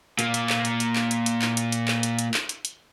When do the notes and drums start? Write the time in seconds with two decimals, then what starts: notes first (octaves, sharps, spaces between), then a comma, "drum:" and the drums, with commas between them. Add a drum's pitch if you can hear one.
0.19 A#2 A#3, drum: hi-hat
0.34 drum: hi-hat
0.49 drum: clap
0.65 drum: hi-hat
0.80 drum: hi-hat
0.96 drum: clap
1.11 drum: hi-hat
1.26 drum: hi-hat
1.42 drum: clap
1.57 drum: hi-hat
1.72 drum: hi-hat
1.88 drum: clap
2.03 drum: hi-hat
2.19 drum: hi-hat
2.34 drum: clap
2.49 drum: hi-hat
2.65 drum: hi-hat